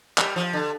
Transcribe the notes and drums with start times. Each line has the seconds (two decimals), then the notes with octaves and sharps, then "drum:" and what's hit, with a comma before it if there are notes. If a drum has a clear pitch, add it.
0.18 G3, drum: clap
0.36 F3
0.53 D3